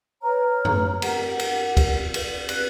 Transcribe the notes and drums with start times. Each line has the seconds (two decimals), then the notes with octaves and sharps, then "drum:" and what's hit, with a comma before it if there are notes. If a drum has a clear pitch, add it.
0.23 B4 C#5 A#5 F6
0.65 drum: tom F#2
1.02 G4 A#4 F#5, drum: cymbal
1.39 drum: cymbal
1.77 drum: kick C#2, cymbal
2.14 drum: cymbal
2.49 B4 F#6, drum: cymbal